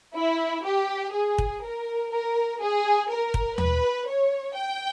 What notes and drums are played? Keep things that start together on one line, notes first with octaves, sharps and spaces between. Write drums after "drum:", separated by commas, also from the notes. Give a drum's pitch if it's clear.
E4
G4
G#4
drum: kick
A#4
A#4
G#4
A#4
drum: kick
B4, drum: tom D#2
C#5
G5